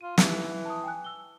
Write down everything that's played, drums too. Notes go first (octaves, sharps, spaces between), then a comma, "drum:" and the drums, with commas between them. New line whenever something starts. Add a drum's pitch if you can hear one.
F4 D#7
E3 D#4 G4 E6, drum: snare
A5 D#6
G5 G#5 F#6
E6 G7